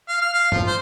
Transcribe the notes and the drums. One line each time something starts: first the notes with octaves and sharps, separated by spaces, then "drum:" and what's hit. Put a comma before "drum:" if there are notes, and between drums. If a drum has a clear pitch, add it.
F5
F6
F5
F3, drum: tom G2
C5